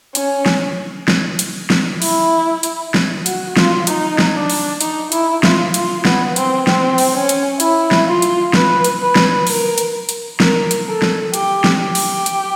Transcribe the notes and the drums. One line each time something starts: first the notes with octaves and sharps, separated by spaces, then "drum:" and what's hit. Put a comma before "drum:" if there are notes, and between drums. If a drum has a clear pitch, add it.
C#4, drum: hi-hat
drum: snare
drum: snare
drum: hi-hat
drum: snare
E4, drum: open hi-hat
drum: hi-hat
drum: snare
F#4, drum: hi-hat
F4, drum: snare
D#4, drum: hi-hat
drum: snare
D4
drum: open hi-hat
D#4, drum: hi-hat
E4, drum: hi-hat
F4, drum: snare
F4, drum: hi-hat
B3, drum: snare
C4, drum: hi-hat
C4, drum: snare
drum: open hi-hat
C#4
drum: hi-hat
E4, drum: hi-hat
drum: snare
F4
drum: hi-hat
B4, drum: snare
drum: hi-hat
B4
drum: snare
A#4, drum: open hi-hat
drum: hi-hat
drum: hi-hat
A#4, drum: snare
drum: hi-hat
A4
drum: snare
G4, drum: hi-hat
drum: snare
G4
drum: open hi-hat
drum: hi-hat